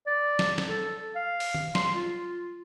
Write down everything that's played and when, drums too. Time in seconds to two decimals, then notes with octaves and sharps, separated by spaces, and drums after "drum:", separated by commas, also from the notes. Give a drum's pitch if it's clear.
0.07 D5
0.39 drum: snare
0.58 drum: snare
0.68 A4
1.15 F5
1.40 drum: open hi-hat
1.54 drum: tom
1.75 C6, drum: snare
1.95 F4